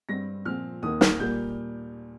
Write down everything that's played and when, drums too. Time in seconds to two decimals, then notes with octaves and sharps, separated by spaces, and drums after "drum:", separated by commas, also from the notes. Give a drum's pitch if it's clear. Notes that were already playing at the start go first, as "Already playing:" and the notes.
0.09 G2 G3 C4 A#6
0.45 A#2 F3 C4 F6
0.82 D#2 D#3 A#3 D#6
1.01 F6, drum: snare
1.19 A#2 G3 A#3 G6